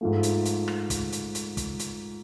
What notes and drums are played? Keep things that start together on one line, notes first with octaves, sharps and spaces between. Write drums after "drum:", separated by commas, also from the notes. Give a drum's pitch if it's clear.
G#2 F3 A3
drum: hi-hat
drum: hi-hat
drum: rim click
drum: kick, hi-hat
drum: hi-hat
drum: hi-hat
drum: kick, hi-hat
drum: hi-hat